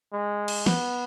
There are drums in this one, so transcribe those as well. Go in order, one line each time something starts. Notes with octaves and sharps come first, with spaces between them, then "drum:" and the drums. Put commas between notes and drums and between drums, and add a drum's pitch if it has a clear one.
G#3
drum: cymbal
B3, drum: snare